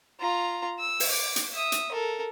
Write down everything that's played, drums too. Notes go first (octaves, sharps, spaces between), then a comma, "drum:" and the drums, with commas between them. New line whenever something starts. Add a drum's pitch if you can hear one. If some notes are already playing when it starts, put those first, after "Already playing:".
F4 A#5
E6
drum: open hi-hat
D6
drum: hi-hat
E5 D#6
drum: hi-hat
A4 A#4